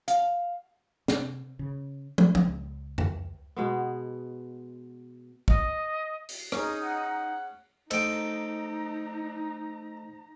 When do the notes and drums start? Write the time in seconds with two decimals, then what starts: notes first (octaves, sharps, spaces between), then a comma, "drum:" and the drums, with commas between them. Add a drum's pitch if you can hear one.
0.08 F5, drum: hi-hat
1.08 C3, drum: snare
1.59 C#3
2.18 A3, drum: tom
2.35 C#2, drum: tom
2.98 drum: tom F2
3.56 B2 G#3 B3
5.48 D#5, drum: kick
6.29 drum: open hi-hat
6.52 C#4 D#4 G#4, drum: rim click
6.82 F#5
7.91 A3 D#4 A4 C5 D#5 G5 A#5, drum: cymbal